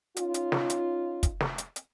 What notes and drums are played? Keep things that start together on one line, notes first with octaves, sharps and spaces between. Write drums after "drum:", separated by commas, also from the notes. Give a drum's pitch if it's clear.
C#4 D#4 F4, drum: hi-hat
drum: hi-hat
drum: snare
drum: hi-hat
drum: kick, hi-hat
drum: snare
drum: hi-hat
drum: hi-hat